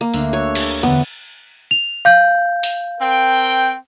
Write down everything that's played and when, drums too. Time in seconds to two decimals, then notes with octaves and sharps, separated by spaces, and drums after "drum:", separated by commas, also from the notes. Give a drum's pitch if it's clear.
0.01 A#3
0.14 D2 A3 C7, drum: open hi-hat
0.33 F#4 A4 C#5
0.55 G4 G#4, drum: cymbal
0.68 A#4
0.83 E2 D3 B3
1.71 F7
2.05 F5 G6
2.63 drum: open hi-hat
3.01 C4 A#4 G5